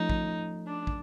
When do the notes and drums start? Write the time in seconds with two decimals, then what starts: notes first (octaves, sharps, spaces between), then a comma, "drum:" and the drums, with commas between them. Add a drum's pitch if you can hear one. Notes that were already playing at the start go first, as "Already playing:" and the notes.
Already playing: F3 A3 C#4 D#4
0.09 drum: kick
0.67 D4
0.87 drum: kick